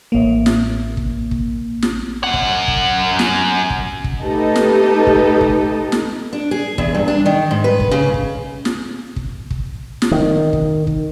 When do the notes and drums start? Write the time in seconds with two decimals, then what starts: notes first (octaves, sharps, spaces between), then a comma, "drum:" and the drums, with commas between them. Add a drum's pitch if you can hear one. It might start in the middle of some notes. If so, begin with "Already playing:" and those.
0.12 A1 A#3
0.46 drum: snare
0.97 drum: kick
1.31 drum: kick
1.82 drum: snare
2.24 F#2 F#5
2.34 drum: kick
2.68 drum: kick
3.19 drum: snare
3.70 drum: kick
4.04 drum: kick
4.21 A3 D#4 G4 A4 B4 D#5
4.56 drum: snare
5.07 drum: kick
5.41 drum: kick
5.92 drum: snare
6.33 D4
6.51 G#4
6.78 E2, drum: kick
6.94 G2
7.08 D4
7.26 D#3
7.51 G#2
7.64 B4
7.80 drum: kick
7.91 C#3
8.14 drum: kick
8.65 drum: snare
9.16 drum: kick
9.50 drum: kick
10.02 drum: snare
10.11 D#3
10.53 drum: kick
10.87 drum: kick